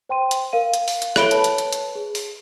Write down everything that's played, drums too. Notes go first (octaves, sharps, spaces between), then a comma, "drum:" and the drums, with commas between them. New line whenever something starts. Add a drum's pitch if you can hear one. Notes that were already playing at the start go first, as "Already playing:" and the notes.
C5 G5 C6 D#7
drum: hi-hat
A#4 F5 D#7
drum: hi-hat
drum: open hi-hat
drum: hi-hat
A4 C#5 E5 B5 D7 G7, drum: rim click
B4 C#5 A5, drum: hi-hat
drum: hi-hat
drum: hi-hat
drum: hi-hat
G#4
drum: open hi-hat